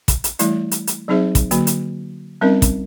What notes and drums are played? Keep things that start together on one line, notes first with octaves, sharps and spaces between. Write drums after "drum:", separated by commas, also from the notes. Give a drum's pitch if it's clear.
drum: kick, hi-hat
drum: hi-hat
E3 G3 A3 E4 D5, drum: hi-hat
drum: hi-hat
drum: hi-hat
F#3 C4 D#4 G#4 C5 E5
drum: kick, hi-hat
D3 F#3 A#3 F#4, drum: hi-hat
drum: hi-hat
G3 C4 C#4 D#4 A#4 D#5
drum: kick, hi-hat